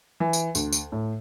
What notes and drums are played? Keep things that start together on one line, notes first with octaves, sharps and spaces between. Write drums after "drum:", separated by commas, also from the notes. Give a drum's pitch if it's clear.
E3
drum: tambourine
D2, drum: tambourine
drum: tambourine
A2